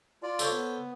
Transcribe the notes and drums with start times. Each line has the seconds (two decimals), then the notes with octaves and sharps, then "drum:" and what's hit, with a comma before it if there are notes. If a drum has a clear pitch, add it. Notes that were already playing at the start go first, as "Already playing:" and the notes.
0.23 F4 D5
0.39 A4 C5 C#5, drum: tambourine
0.52 B3